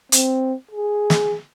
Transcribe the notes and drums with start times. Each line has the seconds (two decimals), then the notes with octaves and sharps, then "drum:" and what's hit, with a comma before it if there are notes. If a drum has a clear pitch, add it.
0.12 C4, drum: hi-hat
0.71 G#4
1.10 drum: snare